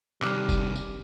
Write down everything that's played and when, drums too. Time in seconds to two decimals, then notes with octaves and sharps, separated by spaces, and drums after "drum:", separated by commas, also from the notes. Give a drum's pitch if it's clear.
0.22 C3 D#3 G3 D6 F6 F#6, drum: clap
0.49 drum: kick, tambourine
0.76 drum: tambourine